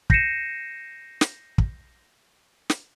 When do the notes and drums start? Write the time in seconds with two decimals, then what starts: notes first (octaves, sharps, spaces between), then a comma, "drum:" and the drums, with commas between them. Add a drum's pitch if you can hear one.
0.10 G6 A#6 C7 C#7 D#7 E7, drum: kick
1.21 drum: snare
1.58 drum: kick
2.70 drum: snare